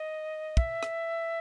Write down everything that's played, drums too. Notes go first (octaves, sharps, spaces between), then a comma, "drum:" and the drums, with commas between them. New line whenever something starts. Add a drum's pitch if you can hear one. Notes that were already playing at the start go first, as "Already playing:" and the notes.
Already playing: D#5
E5, drum: kick
drum: rim click